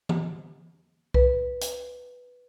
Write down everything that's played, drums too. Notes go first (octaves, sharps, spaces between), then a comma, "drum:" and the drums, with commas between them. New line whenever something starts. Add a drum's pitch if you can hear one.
drum: tom E3
B4, drum: kick C2
drum: hi-hat